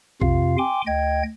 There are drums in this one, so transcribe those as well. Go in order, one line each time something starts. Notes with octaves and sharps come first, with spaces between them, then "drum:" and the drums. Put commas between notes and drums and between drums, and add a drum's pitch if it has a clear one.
F2 C3 F4 F5, drum: kick A#1
G5 G#5 C6 D6
D2 D#5 G5 G#6